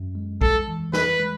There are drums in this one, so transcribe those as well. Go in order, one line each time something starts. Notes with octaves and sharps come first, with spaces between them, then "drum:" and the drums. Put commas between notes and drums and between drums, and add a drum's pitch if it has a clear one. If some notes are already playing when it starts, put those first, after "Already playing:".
Already playing: F#2
G#3
E2 A4, drum: kick
E3
E2 B4, drum: snare
G#3